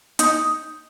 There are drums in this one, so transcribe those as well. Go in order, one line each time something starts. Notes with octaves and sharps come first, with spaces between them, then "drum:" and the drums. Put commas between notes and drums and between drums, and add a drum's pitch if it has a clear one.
D#4, drum: hi-hat